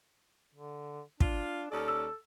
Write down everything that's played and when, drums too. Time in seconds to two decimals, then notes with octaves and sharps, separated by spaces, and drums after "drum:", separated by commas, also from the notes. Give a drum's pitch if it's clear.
0.55 D3
1.20 D4 F4, drum: kick
1.71 D#2 C#4 A4 D5
1.88 E6